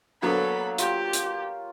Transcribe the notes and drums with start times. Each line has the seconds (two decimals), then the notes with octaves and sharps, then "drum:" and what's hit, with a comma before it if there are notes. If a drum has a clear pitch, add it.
0.22 D3 F#3 A#3 B3 A4 C#5 F#5 B5
0.78 F4 G4, drum: hi-hat
1.13 drum: hi-hat